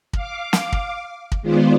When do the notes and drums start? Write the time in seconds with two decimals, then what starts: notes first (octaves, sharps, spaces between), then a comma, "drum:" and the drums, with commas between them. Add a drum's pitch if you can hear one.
0.13 F5 D6, drum: kick
0.53 drum: snare
0.72 drum: kick
1.32 drum: kick
1.42 D#3 G#3 B3 F4 C5 D5